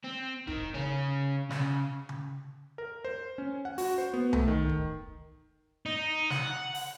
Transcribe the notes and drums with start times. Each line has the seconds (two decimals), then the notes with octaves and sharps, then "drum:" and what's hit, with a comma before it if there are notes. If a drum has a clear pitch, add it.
0.04 C4
0.48 D#3, drum: kick E1
0.74 C#3 C#4
1.50 C#3, drum: snare
2.09 drum: tom C#3
2.78 A#4
3.05 C5
3.38 C#4
3.65 F#5
3.78 F#4, drum: open hi-hat
3.98 C5
4.13 B3
4.33 A3, drum: tom C2
4.48 D#3
4.69 drum: kick E1
5.86 D#4
6.30 F#5, drum: snare
6.75 drum: open hi-hat